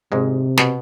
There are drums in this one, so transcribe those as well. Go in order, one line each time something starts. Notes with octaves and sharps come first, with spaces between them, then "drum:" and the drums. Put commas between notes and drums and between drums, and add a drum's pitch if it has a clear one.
G#1 G#2 C3 G#3
B2 B3, drum: snare